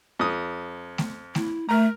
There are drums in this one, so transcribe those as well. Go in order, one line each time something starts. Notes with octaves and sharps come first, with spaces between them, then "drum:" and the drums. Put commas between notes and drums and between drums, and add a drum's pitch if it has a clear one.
F2 D#6
drum: snare A3
E4, drum: snare A3
A3 A#4 A#5